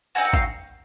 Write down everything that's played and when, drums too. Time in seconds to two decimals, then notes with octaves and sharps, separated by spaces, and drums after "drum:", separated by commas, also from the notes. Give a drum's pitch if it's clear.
0.15 C4 D#4 F#4 G#5
0.25 F#5
0.33 F5, drum: kick